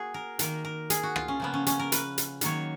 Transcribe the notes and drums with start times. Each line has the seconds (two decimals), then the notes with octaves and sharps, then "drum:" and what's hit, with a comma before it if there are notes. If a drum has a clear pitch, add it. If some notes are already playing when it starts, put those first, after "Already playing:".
Already playing: A#3 F#4 G#4
0.14 A#4
0.39 D#3 A#3 A#4, drum: hi-hat
0.65 A#4
0.90 G#4, drum: hi-hat
1.03 F#4
1.16 F4, drum: rim click
1.28 C#4
1.40 C#3 F3 A#3 B3
1.54 C#4
1.67 C#4, drum: hi-hat
1.79 A#4
1.92 B4, drum: hi-hat
2.18 drum: hi-hat
2.41 D#3 F#3 A#3 C#5, drum: hi-hat